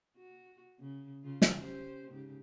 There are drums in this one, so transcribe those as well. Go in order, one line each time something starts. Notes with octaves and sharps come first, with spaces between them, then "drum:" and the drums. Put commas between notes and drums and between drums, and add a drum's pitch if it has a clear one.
F#4
C#3
C#3 F4
drum: snare
C#4 G4 C5
G#2 C#3 G4